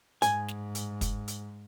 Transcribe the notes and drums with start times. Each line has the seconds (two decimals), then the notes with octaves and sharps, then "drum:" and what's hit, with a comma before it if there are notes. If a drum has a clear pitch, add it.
0.22 G#2 G#5, drum: hi-hat
0.48 drum: snare
0.75 drum: hi-hat
1.01 drum: kick, hi-hat
1.28 drum: hi-hat